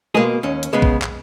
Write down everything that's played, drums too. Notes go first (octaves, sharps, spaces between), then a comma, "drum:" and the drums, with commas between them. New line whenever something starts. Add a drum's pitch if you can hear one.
B2 G#3 A#3 G#4
D#2 C#4
drum: hi-hat
C#3 G#3 B3
drum: kick A#1
drum: clap